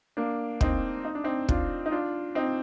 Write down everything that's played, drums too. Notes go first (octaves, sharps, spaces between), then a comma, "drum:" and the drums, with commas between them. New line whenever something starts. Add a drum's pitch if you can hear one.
A#3 D4
C4 D#4, drum: kick
D#4
D4
C4 D#4
D4 F4, drum: kick
D#4
D4 F4
C4 D#4